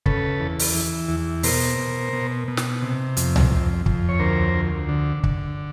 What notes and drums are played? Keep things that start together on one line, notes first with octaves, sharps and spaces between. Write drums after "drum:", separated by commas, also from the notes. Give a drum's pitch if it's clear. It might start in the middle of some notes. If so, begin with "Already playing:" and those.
C#3 A4 B4, drum: kick
E2
drum: open hi-hat
E3
E2
B2 A#4 C5, drum: open hi-hat
B2
B2
B2
drum: snare
C3
F2, drum: hi-hat
drum: tom C2
F2
F2, drum: kick
C#5
D2 A#4 C5
D2
D3
D3, drum: kick